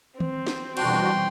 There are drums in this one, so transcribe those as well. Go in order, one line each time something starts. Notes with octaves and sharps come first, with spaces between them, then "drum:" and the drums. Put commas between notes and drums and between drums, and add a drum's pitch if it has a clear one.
C4, drum: tom D#3
drum: snare
F2 B2 E3 G3 D4 F#4 G5 C6, drum: cymbal